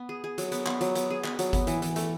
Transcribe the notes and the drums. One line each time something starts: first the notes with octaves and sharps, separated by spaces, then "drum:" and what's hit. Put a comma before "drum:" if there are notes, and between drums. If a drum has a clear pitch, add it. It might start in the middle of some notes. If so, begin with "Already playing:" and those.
Already playing: B3
G#4
G#4
F#3, drum: hi-hat
B3, drum: hi-hat
B3, drum: clap
F#3, drum: hi-hat
B3, drum: hi-hat
G#4
B3, drum: clap
F#3, drum: hi-hat
B3, drum: kick G1, hi-hat
E3, drum: hi-hat
E3, drum: hi-hat
A3, drum: hi-hat